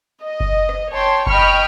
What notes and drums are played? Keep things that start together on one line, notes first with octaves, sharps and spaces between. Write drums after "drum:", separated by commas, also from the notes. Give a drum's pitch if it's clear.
D#5
drum: kick F#1
drum: rim click
C#5 G5 A5 C6
D#5 G5 B5 C#6 F6, drum: kick F#1